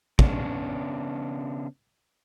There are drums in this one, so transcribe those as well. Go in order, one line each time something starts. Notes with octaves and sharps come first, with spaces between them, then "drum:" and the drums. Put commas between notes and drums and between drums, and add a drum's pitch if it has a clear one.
C#3 B3 C#4 D4, drum: kick